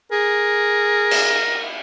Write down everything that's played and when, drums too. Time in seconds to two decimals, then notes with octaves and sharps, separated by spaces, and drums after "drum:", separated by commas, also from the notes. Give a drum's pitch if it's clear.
0.12 G#4 A#4
1.11 drum: cymbal